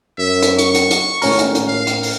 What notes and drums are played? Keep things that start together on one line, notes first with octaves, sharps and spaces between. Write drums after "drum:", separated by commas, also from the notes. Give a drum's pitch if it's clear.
F#2 E5
drum: hi-hat
C#6, drum: hi-hat
drum: hi-hat
drum: hi-hat
G#1 A2 C#4 A#4, drum: open hi-hat
drum: hi-hat
drum: hi-hat
F5
drum: hi-hat
drum: open hi-hat